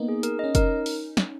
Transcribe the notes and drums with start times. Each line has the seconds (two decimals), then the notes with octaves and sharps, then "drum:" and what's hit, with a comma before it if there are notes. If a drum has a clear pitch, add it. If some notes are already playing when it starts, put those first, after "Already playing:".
Already playing: A#3 B3 D#4
0.08 G#4
0.23 A#4, drum: hi-hat
0.39 C#4 D#5
0.55 D#4 A#4, drum: kick F#1, hi-hat
0.86 drum: open hi-hat
1.17 drum: snare